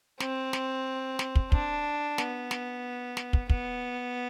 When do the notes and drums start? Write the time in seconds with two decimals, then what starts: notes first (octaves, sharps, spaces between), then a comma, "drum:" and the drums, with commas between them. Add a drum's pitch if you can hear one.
0.20 C4, drum: snare
0.53 drum: snare
1.19 drum: snare
1.35 drum: kick
1.52 D4, drum: kick
2.18 B3, drum: snare
2.51 drum: snare
3.17 drum: snare
3.33 drum: kick
3.50 B3, drum: kick